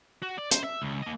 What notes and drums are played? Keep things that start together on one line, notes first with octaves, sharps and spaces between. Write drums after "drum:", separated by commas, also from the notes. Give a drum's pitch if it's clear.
F#4
D5
C5, drum: hi-hat
E5
C#2
A#3 D#5